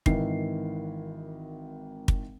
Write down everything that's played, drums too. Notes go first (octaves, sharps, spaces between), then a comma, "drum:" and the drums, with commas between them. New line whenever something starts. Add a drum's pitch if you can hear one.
G#1 D#3 E3 C7, drum: kick
drum: kick